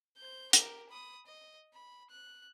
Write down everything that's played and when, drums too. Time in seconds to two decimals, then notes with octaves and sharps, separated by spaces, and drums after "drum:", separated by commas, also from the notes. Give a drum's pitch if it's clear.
0.18 C5 G6
0.53 G4 A#4, drum: hi-hat
0.89 B5 D#6
1.26 D#5
1.74 B5
2.10 F#6